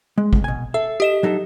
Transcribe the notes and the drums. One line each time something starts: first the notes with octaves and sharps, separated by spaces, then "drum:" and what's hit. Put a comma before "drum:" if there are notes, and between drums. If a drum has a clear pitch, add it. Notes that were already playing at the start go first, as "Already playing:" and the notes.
G#3
drum: kick G#1
B2 G#5
A4 E5
G4 D#5 E7
F#3 D#4 A4